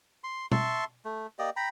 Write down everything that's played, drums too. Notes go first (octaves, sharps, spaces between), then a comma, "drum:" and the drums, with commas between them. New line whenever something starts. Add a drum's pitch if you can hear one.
C6
E5 A5 C6 C#6, drum: tom B2
A3
A#3 G4 D5 D#5
G5 A#5 B5